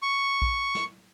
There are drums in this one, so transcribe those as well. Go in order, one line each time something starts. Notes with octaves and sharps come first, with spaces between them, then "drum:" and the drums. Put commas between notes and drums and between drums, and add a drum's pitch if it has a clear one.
C#6
drum: kick A#1
drum: snare